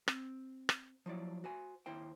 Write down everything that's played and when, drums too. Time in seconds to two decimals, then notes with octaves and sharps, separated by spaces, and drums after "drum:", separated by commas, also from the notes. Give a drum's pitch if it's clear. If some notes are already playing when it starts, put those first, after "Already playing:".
0.08 C4, drum: rim click
0.69 drum: rim click
1.06 F3 F#3 E4 D5
1.44 F#4 C5 G#5
1.86 D#2 E4 C5 G5